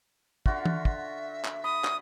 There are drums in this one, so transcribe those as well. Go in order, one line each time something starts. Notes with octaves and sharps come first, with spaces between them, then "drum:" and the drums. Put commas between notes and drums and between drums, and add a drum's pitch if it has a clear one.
D3 F4 F#4 E5, drum: kick
drum: tom E3
drum: kick
drum: clap
B5 D#6
drum: clap